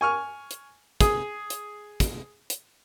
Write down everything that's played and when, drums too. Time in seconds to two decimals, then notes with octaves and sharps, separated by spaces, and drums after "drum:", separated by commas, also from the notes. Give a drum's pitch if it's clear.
0.01 G#5 C#6 F6
0.51 drum: hi-hat
1.00 G#4, drum: kick, hi-hat
1.50 drum: hi-hat
2.00 drum: kick, hi-hat
2.50 drum: hi-hat